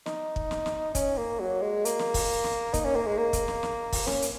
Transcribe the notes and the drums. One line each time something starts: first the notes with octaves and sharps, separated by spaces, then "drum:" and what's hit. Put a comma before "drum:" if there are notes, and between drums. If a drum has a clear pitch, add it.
D#4, drum: snare
drum: kick
drum: snare
drum: snare
C#4, drum: kick, hi-hat
A#3
F#3
G#3
A#3, drum: hi-hat
drum: snare
drum: kick, open hi-hat
drum: snare
D#4, drum: kick, hi-hat
C#4
A#3
G#3
A#3
drum: kick, hi-hat
drum: snare
drum: snare
drum: kick, open hi-hat
C#4, drum: snare
drum: hi-hat